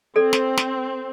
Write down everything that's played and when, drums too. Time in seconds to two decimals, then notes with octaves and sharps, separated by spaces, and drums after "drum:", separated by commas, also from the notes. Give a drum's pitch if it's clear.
0.16 C4 A4 D5
0.33 drum: snare
0.57 drum: snare